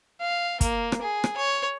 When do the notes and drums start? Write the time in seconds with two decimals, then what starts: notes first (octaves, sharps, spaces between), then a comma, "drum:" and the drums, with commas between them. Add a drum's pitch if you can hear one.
0.21 F5
0.61 A#3, drum: kick, hi-hat
0.92 drum: rim click
1.01 G#4
1.24 drum: rim click
1.37 C#5